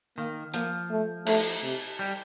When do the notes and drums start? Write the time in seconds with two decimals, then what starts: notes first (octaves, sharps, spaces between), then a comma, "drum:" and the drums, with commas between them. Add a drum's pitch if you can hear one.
0.18 D#3 A#3
0.54 F3 A#3, drum: hi-hat
0.90 A3
1.26 A3, drum: cymbal
1.63 C3
1.99 G3